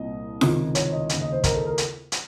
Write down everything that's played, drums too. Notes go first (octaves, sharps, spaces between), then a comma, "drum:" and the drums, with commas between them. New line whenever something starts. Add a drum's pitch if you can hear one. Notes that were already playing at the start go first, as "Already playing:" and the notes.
Already playing: C2 A#2 D#5
C#2 C3 D#3, drum: snare
C#5, drum: hi-hat
D#5
D#2 C#3, drum: hi-hat
D#5
C5
A#4, drum: kick, hi-hat
A4
A#4
drum: hi-hat
drum: hi-hat